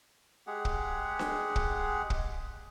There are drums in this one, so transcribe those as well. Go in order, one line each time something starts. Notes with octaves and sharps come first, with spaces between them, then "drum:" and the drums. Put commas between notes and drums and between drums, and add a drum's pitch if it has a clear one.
G#3 G4 G#4 F#5
drum: kick
drum: snare D4
drum: kick
drum: kick